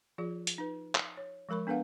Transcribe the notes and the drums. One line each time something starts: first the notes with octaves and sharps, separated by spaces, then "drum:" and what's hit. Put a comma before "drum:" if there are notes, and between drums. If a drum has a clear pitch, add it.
F3 F4 G#4 D5
drum: hi-hat
D#4 B4
drum: clap
C#5
F3 G#3 A#4 B5 C#6
B3 D4 A4 B4 F5 F#5